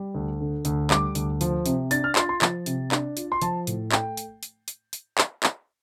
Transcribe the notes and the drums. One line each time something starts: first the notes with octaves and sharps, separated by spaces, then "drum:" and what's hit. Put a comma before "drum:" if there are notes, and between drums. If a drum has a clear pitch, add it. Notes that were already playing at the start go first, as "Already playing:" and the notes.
Already playing: G3
D2
D3
D2, drum: hi-hat
G3 D6, drum: clap
D2, drum: hi-hat
F3, drum: hi-hat
C3, drum: hi-hat
D4 A6, drum: hi-hat
F6
F4 C6, drum: clap
C6
F3, drum: clap
C3, drum: hi-hat
D4, drum: clap
F4, drum: hi-hat
C6
F3 A5, drum: hi-hat
A2, drum: hi-hat
A3 G5, drum: clap
drum: hi-hat
drum: hi-hat
drum: hi-hat
drum: hi-hat
drum: clap
drum: clap